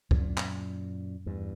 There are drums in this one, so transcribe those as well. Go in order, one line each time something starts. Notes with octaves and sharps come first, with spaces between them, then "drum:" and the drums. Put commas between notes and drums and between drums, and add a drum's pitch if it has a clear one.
F#2 A#2, drum: kick
drum: clap
E2 G2